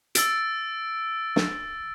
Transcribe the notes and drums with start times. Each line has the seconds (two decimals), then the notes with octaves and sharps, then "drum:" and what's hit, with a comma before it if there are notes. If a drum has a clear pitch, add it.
0.15 E6 A6 D7, drum: hi-hat
1.36 drum: snare